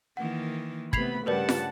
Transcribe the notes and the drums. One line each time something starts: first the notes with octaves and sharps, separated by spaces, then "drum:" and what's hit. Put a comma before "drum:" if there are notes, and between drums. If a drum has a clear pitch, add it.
D#3 E3 A#3 F#5
C3 A3 B3 B5 G#6 C7 F7, drum: kick
G2 C#3 G3 A#4 B4 D5 F#5 A5
drum: snare